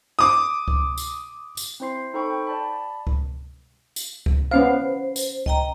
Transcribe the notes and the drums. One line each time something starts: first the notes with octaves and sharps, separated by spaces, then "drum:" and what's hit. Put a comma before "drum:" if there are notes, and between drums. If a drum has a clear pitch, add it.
D6 D#6
drum: kick C#2
drum: tambourine
drum: tambourine
C4 E4 C5 C6 C7
D#4 A4 C5 G5 B5 C#6
G5
D5 A5 B5
drum: kick C#2
drum: tambourine
drum: kick C#2
B3 C#4 C5 F5
drum: tambourine
D#5 G5 A#5, drum: kick C#2